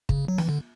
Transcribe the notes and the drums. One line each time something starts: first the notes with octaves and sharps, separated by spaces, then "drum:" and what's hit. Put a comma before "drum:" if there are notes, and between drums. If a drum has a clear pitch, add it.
C#3, drum: kick
F#3
E3, drum: snare
D3